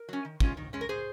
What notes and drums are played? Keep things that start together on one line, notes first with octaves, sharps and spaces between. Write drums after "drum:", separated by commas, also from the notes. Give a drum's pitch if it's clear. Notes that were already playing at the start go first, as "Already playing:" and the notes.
Already playing: A#4
F#3 C#4
D#3
G#3 C#4 F4, drum: kick
D#3
G#3 C#4
A#4
A#2 G#4 C5